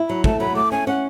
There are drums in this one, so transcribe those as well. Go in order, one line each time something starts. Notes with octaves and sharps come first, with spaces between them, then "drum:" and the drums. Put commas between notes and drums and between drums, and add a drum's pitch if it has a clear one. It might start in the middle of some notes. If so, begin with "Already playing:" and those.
Already playing: E4
F#3 B5
A3 A5, drum: kick
F#3 B5
A3 D6
C#4 G#5
C#4 F#5